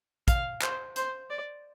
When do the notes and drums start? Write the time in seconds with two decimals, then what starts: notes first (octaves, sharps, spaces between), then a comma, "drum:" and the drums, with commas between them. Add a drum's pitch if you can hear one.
0.28 F5, drum: kick, hi-hat
0.62 C5, drum: clap
0.96 C5, drum: hi-hat
1.30 D5